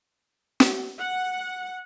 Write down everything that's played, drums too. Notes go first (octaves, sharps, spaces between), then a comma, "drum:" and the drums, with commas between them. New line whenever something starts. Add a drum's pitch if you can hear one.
drum: snare
F#5